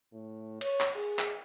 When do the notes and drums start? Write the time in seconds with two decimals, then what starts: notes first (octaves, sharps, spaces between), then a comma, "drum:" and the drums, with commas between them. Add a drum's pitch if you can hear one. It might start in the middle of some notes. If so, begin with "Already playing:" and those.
0.13 A2
0.61 C#5, drum: cymbal
0.80 drum: clap
0.95 G#4
1.19 drum: clap